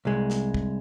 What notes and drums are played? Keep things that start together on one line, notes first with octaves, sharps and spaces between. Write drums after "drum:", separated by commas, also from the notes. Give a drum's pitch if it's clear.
C2 G#3
drum: snare
drum: kick